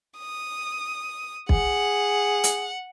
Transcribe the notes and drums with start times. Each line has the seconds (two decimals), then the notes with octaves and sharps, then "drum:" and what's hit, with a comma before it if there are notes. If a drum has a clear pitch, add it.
0.18 D#6
1.49 G#4 F#5, drum: kick
2.44 drum: hi-hat